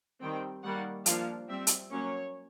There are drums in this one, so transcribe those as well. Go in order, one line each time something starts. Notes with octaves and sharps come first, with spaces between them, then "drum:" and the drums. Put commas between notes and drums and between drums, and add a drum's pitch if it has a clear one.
D#3 G3 C4 G5
D#3 G3 A#3 F#5
F3 A#3 D4 F5, drum: hi-hat
G3 C4 E5
drum: hi-hat
F#3 A#3 C#4 C#5